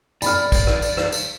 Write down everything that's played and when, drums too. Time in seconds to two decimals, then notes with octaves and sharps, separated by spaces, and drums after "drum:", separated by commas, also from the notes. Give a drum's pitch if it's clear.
0.22 F#2 D5 B5 F6, drum: tambourine
0.52 drum: kick, tambourine
0.67 drum: rim click
0.82 drum: tambourine
0.97 drum: rim click
1.12 drum: tambourine